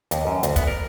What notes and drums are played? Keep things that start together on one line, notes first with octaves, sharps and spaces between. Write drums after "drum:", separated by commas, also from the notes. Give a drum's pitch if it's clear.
D#2, drum: hi-hat
F#2
D2, drum: hi-hat
B3, drum: kick, hi-hat
A#4